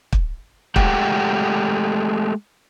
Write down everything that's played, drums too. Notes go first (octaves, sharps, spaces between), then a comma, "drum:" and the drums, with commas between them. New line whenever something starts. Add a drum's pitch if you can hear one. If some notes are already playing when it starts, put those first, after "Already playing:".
drum: kick
G#3 A3 G4 F#5 G5, drum: kick